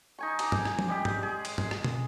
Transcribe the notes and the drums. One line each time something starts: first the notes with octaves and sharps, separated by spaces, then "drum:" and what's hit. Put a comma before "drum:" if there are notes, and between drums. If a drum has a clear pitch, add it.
D#4 G#5 C#6
C5 A#5 D6, drum: cymbal
drum: tom G2
drum: rim click
drum: tom
G3 G#3 G4
drum: tom G2
G#4
drum: cymbal
drum: tom G2
drum: rim click
drum: tom